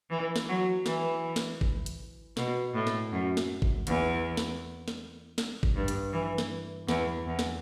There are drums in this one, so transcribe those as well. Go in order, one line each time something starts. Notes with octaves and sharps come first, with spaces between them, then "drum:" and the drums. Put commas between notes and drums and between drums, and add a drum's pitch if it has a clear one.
E3
drum: snare
F#3
E3, drum: snare
drum: snare
drum: kick G1
drum: hi-hat
B2, drum: snare
A2
drum: snare
F#2
drum: snare
drum: kick G1
E2, drum: hi-hat
drum: snare
drum: snare
drum: snare
drum: kick G1
G2
drum: hi-hat
E3
drum: snare
E2, drum: snare
E2
drum: snare